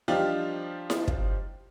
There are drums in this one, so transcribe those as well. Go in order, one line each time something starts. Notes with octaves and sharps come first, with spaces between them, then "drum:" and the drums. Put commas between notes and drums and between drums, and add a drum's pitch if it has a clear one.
F3 G3 D4 D#4 F4 G4
drum: snare E4
drum: kick